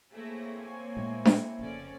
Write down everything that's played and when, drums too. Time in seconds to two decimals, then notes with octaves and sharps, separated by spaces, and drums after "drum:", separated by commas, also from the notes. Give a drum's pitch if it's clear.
0.13 A3 A#3 C4 E4 G#4 C#5 A#6
0.60 G#5
0.97 A#2 G#3 A3 E4
1.25 drum: snare D4
1.59 F1 A2 C#3 C#4 A4 D5